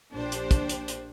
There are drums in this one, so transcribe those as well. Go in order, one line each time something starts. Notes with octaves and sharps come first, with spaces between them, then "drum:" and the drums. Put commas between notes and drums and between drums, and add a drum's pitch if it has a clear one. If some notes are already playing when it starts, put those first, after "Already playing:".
A#1 A#2 D4 G4 C5
drum: hi-hat
drum: kick, hi-hat
drum: hi-hat
drum: hi-hat